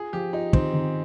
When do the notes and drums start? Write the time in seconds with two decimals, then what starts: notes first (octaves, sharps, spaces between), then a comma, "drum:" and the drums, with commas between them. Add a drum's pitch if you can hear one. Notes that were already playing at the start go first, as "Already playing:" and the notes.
Already playing: F4 G#4
0.13 F3 G4
0.33 D#4 F4
0.53 D#3 C4, drum: kick
0.73 D#3